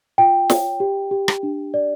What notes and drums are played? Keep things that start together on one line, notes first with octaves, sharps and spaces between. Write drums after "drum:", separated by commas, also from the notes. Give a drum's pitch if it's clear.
F4 G5
C#5, drum: snare
G4
G4
drum: rim click
D4
D5